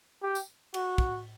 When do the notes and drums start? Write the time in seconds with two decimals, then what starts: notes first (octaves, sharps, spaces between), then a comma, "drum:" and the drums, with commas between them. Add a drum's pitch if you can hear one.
0.22 G4
0.35 drum: tambourine
0.74 F#4, drum: cymbal
0.98 drum: kick